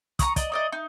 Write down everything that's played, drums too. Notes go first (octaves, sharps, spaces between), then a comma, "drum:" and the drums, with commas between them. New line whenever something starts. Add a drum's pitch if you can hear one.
A#5 B5 C#6 D#6, drum: kick, hi-hat
D5 D#5, drum: kick, hi-hat
D#4 D5 D#5
D#4